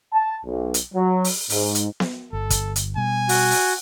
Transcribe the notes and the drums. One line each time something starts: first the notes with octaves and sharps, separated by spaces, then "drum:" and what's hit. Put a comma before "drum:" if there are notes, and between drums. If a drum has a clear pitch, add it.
A5
B1
drum: hi-hat
F#3
drum: open hi-hat
G#2, drum: open hi-hat
drum: hi-hat
drum: snare B3
G1 A4
drum: kick, hi-hat
drum: hi-hat
B2 G3 G#5
F#4, drum: open hi-hat
drum: open hi-hat